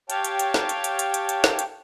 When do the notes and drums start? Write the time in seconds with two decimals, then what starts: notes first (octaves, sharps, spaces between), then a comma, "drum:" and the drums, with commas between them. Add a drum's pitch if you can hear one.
0.10 G4 C#5 F5 G5 A5, drum: hi-hat
0.24 drum: hi-hat
0.39 drum: hi-hat
0.54 drum: snare
0.69 drum: hi-hat
0.84 drum: hi-hat
0.99 drum: hi-hat
1.14 drum: hi-hat
1.29 drum: hi-hat
1.44 drum: snare
1.59 drum: hi-hat